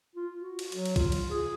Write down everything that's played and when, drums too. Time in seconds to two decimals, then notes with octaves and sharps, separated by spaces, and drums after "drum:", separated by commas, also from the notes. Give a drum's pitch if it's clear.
0.15 F4
0.38 F#4
0.59 drum: cymbal
0.72 F#3, drum: cymbal
0.85 drum: cymbal
0.96 F4, drum: kick B1, cymbal
1.12 drum: cymbal
1.31 G#4